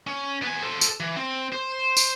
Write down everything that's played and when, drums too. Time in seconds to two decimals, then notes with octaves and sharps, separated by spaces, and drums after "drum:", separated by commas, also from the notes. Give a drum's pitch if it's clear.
0.07 C#4
0.42 B3 G#5
0.62 A4 C5
0.81 drum: tambourine
1.00 E3
1.17 C4
1.53 C5
1.97 drum: tambourine